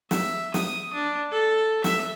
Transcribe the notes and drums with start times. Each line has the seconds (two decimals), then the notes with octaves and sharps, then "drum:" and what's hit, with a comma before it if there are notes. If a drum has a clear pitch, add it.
0.11 E5, drum: snare
0.54 D#6, drum: snare
0.93 D4
1.31 A4
1.84 E5, drum: snare